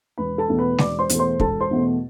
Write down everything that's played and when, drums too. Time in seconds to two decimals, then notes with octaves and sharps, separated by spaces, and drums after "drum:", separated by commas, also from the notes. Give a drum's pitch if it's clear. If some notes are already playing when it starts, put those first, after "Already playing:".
0.18 E1 B4 B5
0.38 A4 A5
0.48 E2 B2 A3
0.58 B4 B5
0.78 E1 D5 D6, drum: snare
0.99 C5 C6
1.09 E2 B2 A3, drum: hi-hat
1.19 C5 C6
1.40 E1 A4 A5, drum: kick
1.61 C5 C6
1.70 E2 B2 A3